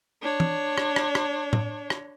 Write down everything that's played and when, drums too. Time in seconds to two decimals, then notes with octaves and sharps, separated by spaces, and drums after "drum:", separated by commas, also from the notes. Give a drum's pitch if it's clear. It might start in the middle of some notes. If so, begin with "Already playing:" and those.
0.21 D4 C#5
0.40 drum: tom
0.78 drum: rim click
0.96 drum: rim click
1.15 drum: rim click
1.53 drum: tom A2
1.90 drum: rim click